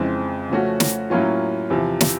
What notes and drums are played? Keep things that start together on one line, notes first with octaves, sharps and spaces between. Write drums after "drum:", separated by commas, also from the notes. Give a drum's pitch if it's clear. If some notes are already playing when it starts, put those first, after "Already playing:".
Already playing: F2 C#3 E3 G#3 C4
C#3 F3 A3 C#4 F#4
drum: snare
A2 F#3 A#3 C#4 F4
E2 C3 F3
drum: snare